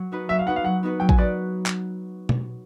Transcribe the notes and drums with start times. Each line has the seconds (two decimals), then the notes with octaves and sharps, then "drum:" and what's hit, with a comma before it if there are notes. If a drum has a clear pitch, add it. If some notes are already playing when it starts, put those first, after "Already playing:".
Already playing: F#3
0.12 B3 D#4 F#4 B4
0.29 F#3 E5
0.39 F5
0.47 B3 D#4 F#4 B4 F#5
0.56 F5
0.65 F#3 F#5
0.83 B3 D#4 F#4 B4
1.00 F#3 G5
1.09 G#5, drum: kick A1
1.18 D#4 F#4 B4 D5
1.66 drum: clap
2.29 drum: tom B2